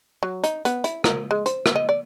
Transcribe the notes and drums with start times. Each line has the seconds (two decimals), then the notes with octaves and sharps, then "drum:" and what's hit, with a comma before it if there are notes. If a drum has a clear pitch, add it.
0.23 F#3
0.44 D#4, drum: hi-hat
0.65 B3, drum: hi-hat
0.84 E4, drum: hi-hat
1.04 A#4, drum: rim click
1.31 G#3
1.46 C5, drum: hi-hat
1.66 drum: rim click
1.76 D#5
1.89 D5